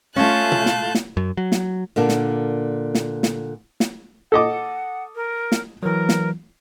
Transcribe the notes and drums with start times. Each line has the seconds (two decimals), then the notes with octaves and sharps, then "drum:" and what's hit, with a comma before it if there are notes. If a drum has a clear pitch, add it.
0.16 A3 C#4 F4 F5 A5 F#6 G6
0.52 drum: tom B2
0.66 drum: snare
0.95 drum: snare
1.17 F#2
1.37 F#3
1.52 drum: snare
1.96 A#2 D3 A#3 D4
2.09 drum: snare
2.95 drum: snare
3.23 drum: snare
3.80 drum: snare
4.32 A4 D#5 F#5 D6
5.15 A#4
5.52 drum: snare
5.83 E3 F#3 A#4
6.09 drum: snare